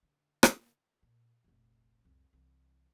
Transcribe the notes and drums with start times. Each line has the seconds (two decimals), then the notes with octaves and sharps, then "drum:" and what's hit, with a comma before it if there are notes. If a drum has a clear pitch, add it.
0.03 D3
0.43 drum: rim click
1.03 A#2
1.44 F1 A#1
2.05 C2 F2
2.33 C2 E3